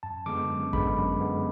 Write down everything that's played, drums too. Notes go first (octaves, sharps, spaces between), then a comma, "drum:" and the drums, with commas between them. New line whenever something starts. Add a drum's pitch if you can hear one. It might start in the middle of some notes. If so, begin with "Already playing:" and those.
F#2 A5
D3 G#3 B3 D6
F#2
D3 G#3 B3 B5, drum: kick G#1
F#2
D3 G#3 B3